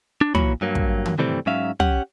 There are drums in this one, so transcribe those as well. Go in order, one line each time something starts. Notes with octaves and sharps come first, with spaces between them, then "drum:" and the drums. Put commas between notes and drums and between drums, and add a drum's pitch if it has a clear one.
D4
A#2 E3 A#3 F#4 C#5 B5, drum: tom
G2 F#3 A#3
drum: kick
drum: tom D#3
C3 E3 G3 A3 C4
G#2 F#3 C#4 E5 F5
C#4 G4 F#5, drum: tom